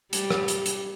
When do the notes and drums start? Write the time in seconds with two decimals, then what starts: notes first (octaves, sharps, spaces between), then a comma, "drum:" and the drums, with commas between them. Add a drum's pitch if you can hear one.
0.13 G3, drum: hi-hat
0.30 drum: rim click
0.48 drum: hi-hat
0.66 drum: hi-hat